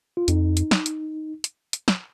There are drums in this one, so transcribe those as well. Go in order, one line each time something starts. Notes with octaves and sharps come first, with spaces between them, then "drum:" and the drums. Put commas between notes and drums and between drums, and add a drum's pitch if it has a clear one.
F4
F2 D#4, drum: hi-hat
drum: hi-hat
drum: snare
drum: hi-hat
drum: hi-hat
drum: hi-hat
drum: snare